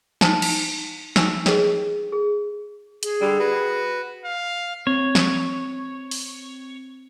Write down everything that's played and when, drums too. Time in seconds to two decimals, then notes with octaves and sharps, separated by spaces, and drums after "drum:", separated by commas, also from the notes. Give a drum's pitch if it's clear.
0.21 D#4 E4 C5 G#5 A5, drum: snare
0.42 drum: cymbal
1.16 D#4 F#4 G5 G#5 C#6 E6, drum: snare
1.46 G4 G#4 B4 C#5 D#5 G5, drum: snare
2.12 G#4
3.03 G#4, drum: hi-hat
3.21 D3 G3
3.40 F#4 B4
4.25 F5
4.87 C4 C#5
5.15 drum: snare
6.11 drum: open hi-hat